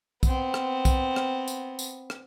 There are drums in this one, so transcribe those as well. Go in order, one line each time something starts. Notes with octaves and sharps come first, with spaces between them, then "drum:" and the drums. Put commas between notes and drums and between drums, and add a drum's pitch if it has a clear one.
B3 C4, drum: kick, tambourine
drum: rim click
drum: kick, tambourine
drum: rim click
drum: tambourine
drum: tambourine
drum: rim click